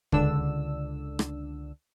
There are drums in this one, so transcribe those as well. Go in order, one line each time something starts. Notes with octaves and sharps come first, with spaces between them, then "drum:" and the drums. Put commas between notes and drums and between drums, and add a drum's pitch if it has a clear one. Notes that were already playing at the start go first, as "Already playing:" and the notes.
C#2 D3 D4 E6, drum: kick
drum: rim click